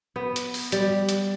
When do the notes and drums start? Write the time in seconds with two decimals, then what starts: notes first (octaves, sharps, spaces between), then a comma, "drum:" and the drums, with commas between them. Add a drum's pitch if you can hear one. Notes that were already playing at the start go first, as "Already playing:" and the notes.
0.16 B3
0.36 drum: hi-hat
0.54 drum: open hi-hat
0.72 G3, drum: hi-hat
1.09 drum: hi-hat